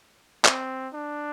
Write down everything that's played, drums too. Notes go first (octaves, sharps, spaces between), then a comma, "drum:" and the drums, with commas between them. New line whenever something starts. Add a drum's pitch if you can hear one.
C4, drum: clap
D4